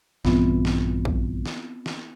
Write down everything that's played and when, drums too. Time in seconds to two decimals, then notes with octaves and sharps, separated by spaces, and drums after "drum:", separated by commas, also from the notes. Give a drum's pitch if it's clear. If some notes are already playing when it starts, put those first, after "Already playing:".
0.25 A#1 G2 E3 B3 C4 F4, drum: snare
0.65 drum: snare
1.05 drum: kick
1.46 drum: snare
1.86 drum: snare